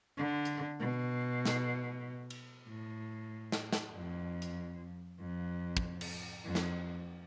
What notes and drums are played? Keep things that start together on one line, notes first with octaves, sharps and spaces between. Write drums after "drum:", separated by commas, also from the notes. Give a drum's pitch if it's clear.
D3
drum: hi-hat
B2
drum: snare
drum: cymbal
A2
drum: snare
drum: snare
F2
drum: hi-hat
F2
drum: kick
drum: cymbal
F2
drum: snare